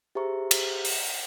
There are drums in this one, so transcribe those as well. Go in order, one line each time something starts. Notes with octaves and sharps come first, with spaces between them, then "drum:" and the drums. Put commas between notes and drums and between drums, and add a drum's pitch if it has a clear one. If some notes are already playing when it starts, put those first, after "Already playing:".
G4 G#4 C5 E5 A#5 C#6
drum: cymbal
drum: open hi-hat